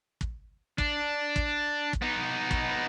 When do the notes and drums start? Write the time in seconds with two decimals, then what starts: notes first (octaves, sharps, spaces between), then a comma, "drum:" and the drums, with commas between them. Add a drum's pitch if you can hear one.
0.21 drum: kick
0.78 D4, drum: kick
1.36 drum: kick
1.93 drum: kick
2.02 B3 D#4
2.51 drum: kick